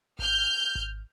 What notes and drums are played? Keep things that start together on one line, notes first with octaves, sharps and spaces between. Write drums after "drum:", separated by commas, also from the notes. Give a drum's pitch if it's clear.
F6 G6, drum: kick G#1
drum: kick G#1